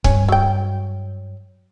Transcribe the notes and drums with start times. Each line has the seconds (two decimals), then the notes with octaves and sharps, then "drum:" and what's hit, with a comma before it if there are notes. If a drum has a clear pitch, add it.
0.04 G2 C#4, drum: kick C#1
0.29 F#3 G5